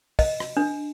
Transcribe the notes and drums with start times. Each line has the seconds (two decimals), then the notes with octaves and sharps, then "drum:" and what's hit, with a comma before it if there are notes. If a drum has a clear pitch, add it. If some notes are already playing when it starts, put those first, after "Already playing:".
0.19 D#5, drum: kick, open hi-hat
0.40 drum: rim click
0.57 D4